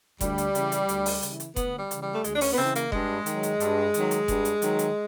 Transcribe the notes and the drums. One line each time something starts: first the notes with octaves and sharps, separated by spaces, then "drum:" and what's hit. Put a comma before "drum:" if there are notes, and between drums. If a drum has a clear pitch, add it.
D2 G3, drum: kick F1, hi-hat
drum: hi-hat
C#3 E3, drum: hi-hat
drum: hi-hat
D2, drum: hi-hat
drum: open hi-hat
C#3 E3, drum: hi-hat
drum: hi-hat
D2 B3, drum: kick F1, hi-hat
G3
C#3 E3, drum: hi-hat
G3
A3
D2 G#3, drum: hi-hat
D4
C#4, drum: open hi-hat
B3
C#3 E3 C4
A#3, drum: hi-hat
G2 G#3, drum: kick F1
D#3 F#3, drum: hi-hat
drum: hi-hat
G2, drum: hi-hat
D#3 F#3, drum: hi-hat
drum: hi-hat
G2, drum: kick F1, hi-hat
drum: hi-hat
D#3 F#3, drum: hi-hat
drum: hi-hat